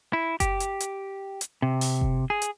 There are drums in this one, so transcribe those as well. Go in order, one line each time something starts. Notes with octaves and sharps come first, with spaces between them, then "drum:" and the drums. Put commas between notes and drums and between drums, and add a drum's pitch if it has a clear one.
E4
G4, drum: kick F#1, hi-hat
drum: hi-hat
drum: hi-hat
drum: hi-hat
C3
drum: open hi-hat
drum: kick F#1
G#4
drum: hi-hat